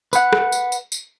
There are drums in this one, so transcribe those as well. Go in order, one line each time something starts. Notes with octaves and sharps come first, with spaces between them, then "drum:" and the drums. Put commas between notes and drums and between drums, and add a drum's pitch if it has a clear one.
B4 F#5, drum: tambourine
drum: rim click
drum: tambourine
drum: tambourine
drum: tambourine